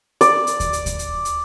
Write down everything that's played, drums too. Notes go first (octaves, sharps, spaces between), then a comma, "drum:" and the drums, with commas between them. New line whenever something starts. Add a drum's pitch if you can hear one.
D5, drum: hi-hat
drum: hi-hat
drum: kick D#2, hi-hat
drum: hi-hat
drum: kick D#2, hi-hat
drum: hi-hat
drum: hi-hat